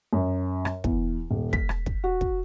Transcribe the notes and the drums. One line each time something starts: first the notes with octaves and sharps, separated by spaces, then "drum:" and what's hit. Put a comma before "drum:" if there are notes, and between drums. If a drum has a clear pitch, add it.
F#2
drum: rim click
E2, drum: kick
D#1
B6, drum: kick
drum: rim click
drum: kick
F#4
drum: kick